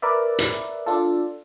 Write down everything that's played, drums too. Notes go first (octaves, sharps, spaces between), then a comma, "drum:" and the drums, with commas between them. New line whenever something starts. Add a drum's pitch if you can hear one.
A#4 B4 D5 E5
drum: hi-hat
D4 F4 A4